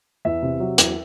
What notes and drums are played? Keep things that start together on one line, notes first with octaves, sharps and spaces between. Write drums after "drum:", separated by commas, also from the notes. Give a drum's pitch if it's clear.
E2 E5
C3
F#3
E2, drum: hi-hat